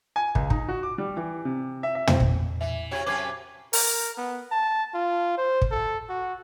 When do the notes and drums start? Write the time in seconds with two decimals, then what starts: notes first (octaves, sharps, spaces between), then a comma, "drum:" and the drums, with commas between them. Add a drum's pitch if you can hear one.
0.16 G#5
0.35 C#2, drum: kick
0.50 D#4, drum: kick
0.68 F#4
0.83 D6
0.98 G3
1.17 E3
1.45 C3
1.83 E5
1.95 E5
2.07 C4, drum: tom
2.20 drum: kick
2.61 E3 E5
2.91 C3 E4 F#4 C#5 G#6
3.06 F#2 C3 B4 D6 G#6 C7
3.73 A#4, drum: open hi-hat
4.17 B3
4.52 A5
4.94 F4
5.37 C5
5.62 drum: kick
5.71 A4
6.09 F#4